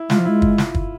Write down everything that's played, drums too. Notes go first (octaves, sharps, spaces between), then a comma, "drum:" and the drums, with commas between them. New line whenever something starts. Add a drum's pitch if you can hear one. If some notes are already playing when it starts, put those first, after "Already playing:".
Already playing: E4
G#3 F4, drum: snare
F3
G#3 E4
drum: kick
drum: snare
drum: kick